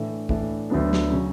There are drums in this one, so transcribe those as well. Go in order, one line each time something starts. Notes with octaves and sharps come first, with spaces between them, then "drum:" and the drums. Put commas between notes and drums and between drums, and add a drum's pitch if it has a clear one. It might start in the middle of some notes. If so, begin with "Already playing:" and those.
Already playing: A2 E3 A3 D4
A2 E3 A3 D4, drum: kick
D2 D3 F#3 B3 D4
drum: snare
C#3 F#3